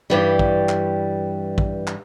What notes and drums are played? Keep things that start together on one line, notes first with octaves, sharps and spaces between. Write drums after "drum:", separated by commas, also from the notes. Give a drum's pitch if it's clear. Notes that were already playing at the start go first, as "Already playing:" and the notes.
G2 E3 G3
drum: kick
drum: clap
drum: kick
drum: clap